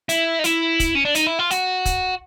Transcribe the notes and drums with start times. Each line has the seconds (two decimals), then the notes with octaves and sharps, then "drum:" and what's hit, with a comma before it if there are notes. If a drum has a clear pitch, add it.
0.09 E4, drum: hi-hat
0.39 D#4
0.44 E4, drum: hi-hat
0.80 drum: kick, hi-hat
0.95 C#4
1.05 D4
1.15 D#4, drum: hi-hat
1.27 E4
1.39 F4
1.51 F#4, drum: hi-hat
1.85 drum: kick, hi-hat